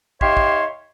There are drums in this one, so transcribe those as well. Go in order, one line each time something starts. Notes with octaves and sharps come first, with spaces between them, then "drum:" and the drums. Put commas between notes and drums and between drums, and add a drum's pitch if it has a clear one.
D#4 G4 C#5 E5 F5 C6, drum: kick
drum: kick